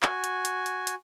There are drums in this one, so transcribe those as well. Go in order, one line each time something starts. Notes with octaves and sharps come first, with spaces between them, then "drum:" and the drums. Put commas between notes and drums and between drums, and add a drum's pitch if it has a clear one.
F#4 G#5, drum: clap
drum: hi-hat
drum: hi-hat
drum: hi-hat
drum: hi-hat